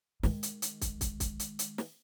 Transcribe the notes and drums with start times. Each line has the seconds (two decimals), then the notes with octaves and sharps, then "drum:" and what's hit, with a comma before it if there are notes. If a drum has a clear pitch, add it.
0.23 D#3 G#3, drum: snare
0.43 drum: hi-hat
0.62 drum: hi-hat
0.81 drum: kick, hi-hat
1.01 drum: kick, hi-hat
1.20 drum: kick, hi-hat
1.40 drum: hi-hat
1.59 drum: hi-hat
1.78 drum: snare